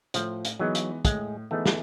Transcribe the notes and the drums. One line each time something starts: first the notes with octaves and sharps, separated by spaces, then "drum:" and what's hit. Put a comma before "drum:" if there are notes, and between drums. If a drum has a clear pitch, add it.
A2 F3, drum: hi-hat
drum: hi-hat
E3 F#3 G#3 B3 D#4
drum: hi-hat
A2 G#3, drum: kick, hi-hat
E3 G#3 A3 B3 D#4
drum: snare